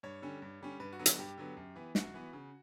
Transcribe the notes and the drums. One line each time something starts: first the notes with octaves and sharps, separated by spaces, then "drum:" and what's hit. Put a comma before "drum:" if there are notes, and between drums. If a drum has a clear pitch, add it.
G2 C#5
D3 G3 C#4
G2
D3 G3 C#4
G2 B4
F#4
D3 F#3 B3
F#4, drum: hi-hat
G2 G4
D3 F#3 B3
F#2
E3 B3
F#2 F#4, drum: snare
E3 B3
C#3